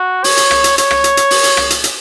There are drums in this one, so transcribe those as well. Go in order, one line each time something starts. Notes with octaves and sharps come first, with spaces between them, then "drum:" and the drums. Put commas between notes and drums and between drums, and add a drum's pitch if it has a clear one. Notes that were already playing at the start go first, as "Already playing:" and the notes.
Already playing: F#4
C#5, drum: open hi-hat
drum: hi-hat
drum: rim click
drum: hi-hat
C#5, drum: hi-hat
drum: rim click
drum: hi-hat
drum: hi-hat
drum: open hi-hat
drum: hi-hat
drum: rim click
drum: hi-hat
drum: hi-hat